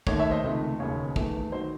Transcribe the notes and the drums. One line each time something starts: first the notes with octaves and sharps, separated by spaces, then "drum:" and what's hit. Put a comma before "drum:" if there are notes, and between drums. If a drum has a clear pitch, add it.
D#2 D#3 A3 C#5, drum: kick
C#5 E5
C5 D#5
C#2 C3 D#3 A3
E1 D#2 C#3 C#5
E2 D#3 A3, drum: kick
D#3 F#3 C5